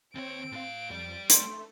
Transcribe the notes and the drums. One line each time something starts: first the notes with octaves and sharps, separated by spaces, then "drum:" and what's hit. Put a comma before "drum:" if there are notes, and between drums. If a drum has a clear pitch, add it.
D#2 C4 C#5 D7
A2 F5
F2 G3 D5
A3 C6, drum: hi-hat